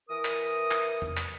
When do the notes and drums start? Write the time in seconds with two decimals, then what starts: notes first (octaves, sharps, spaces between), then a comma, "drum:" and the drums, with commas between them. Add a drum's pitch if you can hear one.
0.10 E3 A#4 D#6
0.25 drum: clap
0.71 drum: clap
1.02 drum: tom E2
1.17 drum: clap